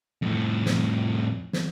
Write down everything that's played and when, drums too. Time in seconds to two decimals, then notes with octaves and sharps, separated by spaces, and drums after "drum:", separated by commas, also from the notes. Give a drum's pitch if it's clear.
0.22 F2 A2
0.66 drum: snare
1.53 drum: snare